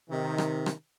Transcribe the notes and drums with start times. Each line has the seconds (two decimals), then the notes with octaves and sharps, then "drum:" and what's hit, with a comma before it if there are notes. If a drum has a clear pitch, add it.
0.10 C3 D#3
0.38 drum: rim click
0.66 drum: rim click